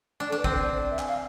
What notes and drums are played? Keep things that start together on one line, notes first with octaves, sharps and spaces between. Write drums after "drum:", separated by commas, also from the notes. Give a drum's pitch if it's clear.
D4
A4
D4
B4
C4 C5, drum: kick
D5
E5
G#5, drum: clap
F5